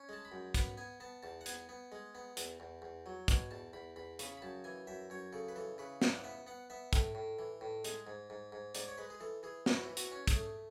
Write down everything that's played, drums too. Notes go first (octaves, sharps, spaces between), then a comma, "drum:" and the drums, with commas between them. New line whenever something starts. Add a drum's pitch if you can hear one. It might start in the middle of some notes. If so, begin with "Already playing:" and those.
Already playing: C#4
G#3 A5
B5
F#2
B3 B5, drum: kick, hi-hat
B3 G#5
B3 A5
E2 A5
F#5
B3 G#5, drum: hi-hat
B3
G#3
B3
E2, drum: hi-hat
E2
E2
F#3
B2 G#5, drum: kick, hi-hat
E2 A5
E2 B5
E2 B5
C#3 B5, drum: hi-hat
B5
F#2 A5
E3 G#5
F#2 E5
F#2 C#5
C#3 A4
B4
E3 A4
C#3 B4
E3 D5, drum: snare
F#5
B3 E5
B3 F#5
B3 E5
A2, drum: kick, hi-hat
A2
E3
A2
G#3, drum: hi-hat
G#2
G#2
G#2
G#2 D5, drum: hi-hat
C#5
G#3 B4
G#4
E3 A4
E3 G#4
E3 E4, drum: snare
F#4
E4
E3
F#4, drum: hi-hat
C#4
G#4, drum: kick, hi-hat
A3